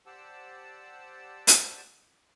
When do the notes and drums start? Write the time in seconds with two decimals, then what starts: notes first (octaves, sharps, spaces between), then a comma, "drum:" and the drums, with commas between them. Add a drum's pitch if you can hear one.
0.06 G4 C5 D5 F#5 A5 E6
1.47 drum: hi-hat